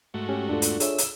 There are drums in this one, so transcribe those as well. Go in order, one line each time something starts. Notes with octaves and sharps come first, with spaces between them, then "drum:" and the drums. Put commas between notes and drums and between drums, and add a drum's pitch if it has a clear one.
G#2 A3 F#4
C#4 G4
E2 D4 F4 A4
drum: hi-hat
G#4 C#5 E5 E6, drum: hi-hat
drum: hi-hat